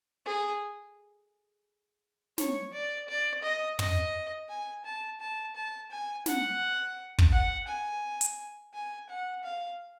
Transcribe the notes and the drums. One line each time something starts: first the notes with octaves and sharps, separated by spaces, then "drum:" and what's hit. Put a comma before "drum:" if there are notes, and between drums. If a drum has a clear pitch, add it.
G#4
C#5, drum: snare
D5
D5
D#5
D#5, drum: tom
G#5
A5
A5
A5
G#5
F#5, drum: snare
drum: kick
F#5
G#5
drum: hi-hat
G#5
F#5
F5